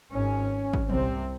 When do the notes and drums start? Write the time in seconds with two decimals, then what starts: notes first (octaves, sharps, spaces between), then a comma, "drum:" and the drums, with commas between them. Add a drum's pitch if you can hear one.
0.12 G#1 G#2 C#4
0.73 drum: kick
0.90 C2 C3 C4, drum: tom